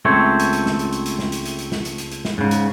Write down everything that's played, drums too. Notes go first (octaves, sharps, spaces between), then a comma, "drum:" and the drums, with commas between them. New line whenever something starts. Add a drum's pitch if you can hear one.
C#2 A3 C4 C#5
drum: hi-hat
drum: hi-hat
drum: snare
drum: hi-hat
drum: hi-hat
drum: hi-hat
drum: snare
drum: hi-hat
drum: hi-hat
drum: hi-hat
drum: snare
drum: hi-hat
drum: hi-hat
drum: hi-hat
drum: snare
G#2 C#3
drum: hi-hat